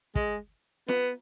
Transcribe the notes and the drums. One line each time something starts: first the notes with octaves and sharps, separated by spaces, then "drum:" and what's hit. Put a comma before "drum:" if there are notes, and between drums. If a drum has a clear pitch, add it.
G#3, drum: kick
B3, drum: snare